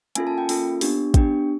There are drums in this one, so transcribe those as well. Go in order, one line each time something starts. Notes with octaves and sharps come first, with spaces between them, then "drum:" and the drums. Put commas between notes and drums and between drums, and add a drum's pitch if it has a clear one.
A#3 C#4 F4 A4 G#5, drum: hi-hat
A5
G5
A#3 C#4 F4 A4, drum: open hi-hat
B3 D4 G4, drum: open hi-hat
B3 D4 G4 G5, drum: kick, hi-hat